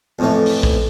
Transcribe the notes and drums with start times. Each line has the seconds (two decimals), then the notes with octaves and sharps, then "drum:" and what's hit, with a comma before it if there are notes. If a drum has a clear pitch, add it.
0.19 F2 A2 E3
0.46 drum: open hi-hat
0.63 drum: kick A#1